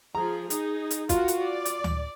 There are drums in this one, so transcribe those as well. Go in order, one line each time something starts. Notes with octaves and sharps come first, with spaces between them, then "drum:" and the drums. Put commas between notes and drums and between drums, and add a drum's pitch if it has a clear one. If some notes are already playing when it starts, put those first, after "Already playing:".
F3 G#4 A#5
D#4 G#4, drum: hi-hat
drum: hi-hat
F4 F#4 A#4, drum: kick, hi-hat
drum: hi-hat
D5
drum: hi-hat
drum: tom D2